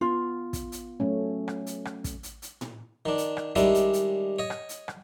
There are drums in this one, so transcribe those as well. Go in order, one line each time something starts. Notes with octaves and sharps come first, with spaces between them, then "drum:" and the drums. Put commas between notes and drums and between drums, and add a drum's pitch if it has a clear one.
B3 F4
drum: kick, hi-hat
drum: hi-hat
F#3 A3 C#4
drum: rim click
drum: hi-hat
drum: rim click
drum: kick, hi-hat
drum: hi-hat
drum: hi-hat
drum: tom A2
D#3 D4
drum: hi-hat
drum: rim click
D#3 G3 G#3 C#4 D4 E4, drum: kick, hi-hat
drum: hi-hat
drum: hi-hat
C#5 D#5
drum: rim click
drum: hi-hat
drum: rim click